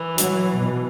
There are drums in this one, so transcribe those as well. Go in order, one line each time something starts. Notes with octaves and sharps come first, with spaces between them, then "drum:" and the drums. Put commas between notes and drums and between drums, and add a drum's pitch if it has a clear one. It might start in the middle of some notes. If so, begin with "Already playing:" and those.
Already playing: E3
F#3, drum: hi-hat
B2